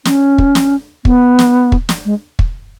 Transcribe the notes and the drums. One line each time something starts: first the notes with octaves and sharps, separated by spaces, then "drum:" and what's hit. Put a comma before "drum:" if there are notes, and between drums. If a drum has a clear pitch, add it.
C#4, drum: snare
drum: kick
drum: snare
B3, drum: kick
drum: snare
drum: kick
drum: snare
G#3
drum: kick